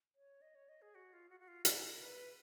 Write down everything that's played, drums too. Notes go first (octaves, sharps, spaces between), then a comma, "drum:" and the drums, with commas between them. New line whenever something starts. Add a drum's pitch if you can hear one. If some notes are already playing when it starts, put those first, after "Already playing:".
C#5
D#5
C#5
D#5
G#4
F#4
F4
F#4
F#4
F4
F#4, drum: hi-hat
B4
A#4
B4